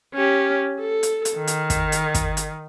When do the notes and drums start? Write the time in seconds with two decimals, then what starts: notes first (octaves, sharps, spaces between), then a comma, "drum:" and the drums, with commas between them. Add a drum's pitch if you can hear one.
0.14 C#4 G4
0.80 A4
1.03 drum: hi-hat
1.25 drum: hi-hat
1.36 D#3
1.47 drum: hi-hat
1.70 drum: kick, hi-hat
1.92 drum: hi-hat
2.14 drum: kick, hi-hat
2.37 drum: hi-hat